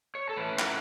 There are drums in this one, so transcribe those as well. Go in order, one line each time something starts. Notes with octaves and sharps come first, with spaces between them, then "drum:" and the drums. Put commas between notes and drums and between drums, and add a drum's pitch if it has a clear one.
C#5
A4
A2 E3 C#4 E4 B4
F#5, drum: clap